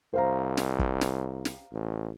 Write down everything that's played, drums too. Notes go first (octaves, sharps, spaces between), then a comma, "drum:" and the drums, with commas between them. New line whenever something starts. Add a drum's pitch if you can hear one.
C2 C5 F5 A#5
drum: snare
drum: kick
drum: snare
drum: snare
A1